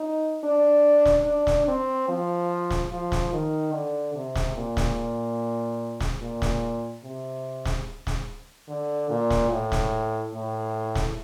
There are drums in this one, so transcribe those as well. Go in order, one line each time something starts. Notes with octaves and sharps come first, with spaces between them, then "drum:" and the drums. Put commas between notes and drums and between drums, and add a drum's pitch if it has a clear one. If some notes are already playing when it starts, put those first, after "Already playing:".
Already playing: D#4
D4
drum: snare
D4
drum: snare
C4
F3
drum: snare
F3
drum: snare
D#3
D3
C3
drum: snare
A#2
drum: snare
drum: snare
A#2
drum: snare
C3
drum: snare
drum: snare
D3
A#2
drum: snare
A2
drum: snare
A2
drum: snare